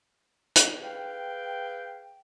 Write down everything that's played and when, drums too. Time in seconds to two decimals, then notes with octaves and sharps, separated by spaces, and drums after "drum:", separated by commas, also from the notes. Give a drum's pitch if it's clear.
0.56 drum: hi-hat
0.83 G#4 B4 F5 G5